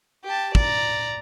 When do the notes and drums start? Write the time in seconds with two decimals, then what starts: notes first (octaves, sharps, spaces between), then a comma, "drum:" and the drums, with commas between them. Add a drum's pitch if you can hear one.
0.25 G4 A5
0.55 D5 A#5, drum: kick